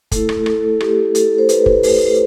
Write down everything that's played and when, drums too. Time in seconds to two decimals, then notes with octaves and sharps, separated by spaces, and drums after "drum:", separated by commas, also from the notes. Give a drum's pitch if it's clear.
0.12 A3 E4 A4, drum: kick, hi-hat
0.29 drum: rim click
0.46 A4, drum: rim click
0.80 G4, drum: rim click
1.15 A4, drum: hi-hat
1.38 C5
1.49 B4, drum: hi-hat
1.66 drum: kick
1.83 drum: open hi-hat